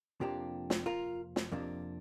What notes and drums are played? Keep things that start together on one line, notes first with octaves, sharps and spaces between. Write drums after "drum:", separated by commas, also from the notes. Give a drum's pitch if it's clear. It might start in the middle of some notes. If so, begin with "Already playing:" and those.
F2 C3 F3 A#3 D4 G4
drum: snare
F4 A#4
drum: snare
F2 C3 F3 A#3 D4